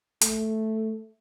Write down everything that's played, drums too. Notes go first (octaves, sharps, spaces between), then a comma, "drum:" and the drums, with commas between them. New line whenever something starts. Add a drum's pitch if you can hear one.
A3, drum: hi-hat